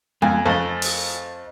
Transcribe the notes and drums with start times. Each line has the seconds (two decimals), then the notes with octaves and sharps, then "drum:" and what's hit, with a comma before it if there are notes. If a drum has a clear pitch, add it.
0.22 F2 G#3 B3 G#5
0.45 F2 A3 C5 D#5
0.82 drum: open hi-hat